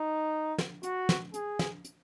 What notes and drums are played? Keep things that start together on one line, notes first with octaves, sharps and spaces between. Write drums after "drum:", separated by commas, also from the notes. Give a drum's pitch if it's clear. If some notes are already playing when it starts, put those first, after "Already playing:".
Already playing: D#4
drum: snare
F#4, drum: hi-hat
drum: snare
G#4, drum: hi-hat
drum: snare
drum: hi-hat